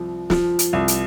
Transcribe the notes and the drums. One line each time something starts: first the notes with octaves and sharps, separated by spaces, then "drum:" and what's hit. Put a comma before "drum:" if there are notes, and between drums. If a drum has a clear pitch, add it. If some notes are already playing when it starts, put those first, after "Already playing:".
Already playing: C2 F3
F3, drum: snare
drum: hi-hat
C2
drum: hi-hat